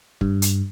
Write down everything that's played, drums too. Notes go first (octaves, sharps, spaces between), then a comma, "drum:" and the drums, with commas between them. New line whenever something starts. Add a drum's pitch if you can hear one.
G2, drum: kick
drum: hi-hat